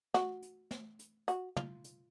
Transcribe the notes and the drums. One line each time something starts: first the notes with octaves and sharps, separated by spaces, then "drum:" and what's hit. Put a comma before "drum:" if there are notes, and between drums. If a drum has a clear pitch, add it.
F#4, drum: snare
drum: hi-hat
drum: snare
drum: hi-hat
F#4, drum: hi-hat
F4, drum: tom
drum: hi-hat